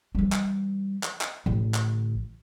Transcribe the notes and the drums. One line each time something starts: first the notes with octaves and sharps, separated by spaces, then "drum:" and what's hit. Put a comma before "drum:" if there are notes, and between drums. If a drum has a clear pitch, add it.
E3 G3
drum: clap
drum: clap
drum: clap
A1 D3
drum: clap